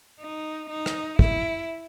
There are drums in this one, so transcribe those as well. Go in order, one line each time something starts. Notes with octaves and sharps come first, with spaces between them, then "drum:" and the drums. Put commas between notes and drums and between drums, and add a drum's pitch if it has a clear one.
D#4
D#4
drum: rim click
E4, drum: kick